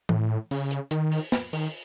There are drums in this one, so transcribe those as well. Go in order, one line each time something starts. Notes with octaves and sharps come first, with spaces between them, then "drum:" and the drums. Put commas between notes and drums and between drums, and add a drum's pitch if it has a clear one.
A2, drum: tom E3
C#3, drum: open hi-hat
drum: hi-hat
D#3, drum: hi-hat
drum: open hi-hat
drum: snare
D#3, drum: open hi-hat